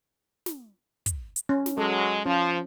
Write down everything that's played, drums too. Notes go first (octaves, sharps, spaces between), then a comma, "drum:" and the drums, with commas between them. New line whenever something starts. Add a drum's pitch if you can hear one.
drum: snare
drum: kick, hi-hat
drum: hi-hat
C#4
drum: snare
F#3 G#3 A4
F3 C#4